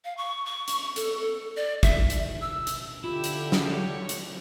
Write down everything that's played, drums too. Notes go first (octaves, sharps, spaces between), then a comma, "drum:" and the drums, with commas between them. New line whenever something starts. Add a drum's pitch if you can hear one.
F5
C#6
C#6
drum: hi-hat
A4, drum: hi-hat
A4
D5
E5, drum: kick, hi-hat
drum: hi-hat
E6
drum: hi-hat
D3 E4 F4 G4
drum: hi-hat
drum: snare
C#5
drum: hi-hat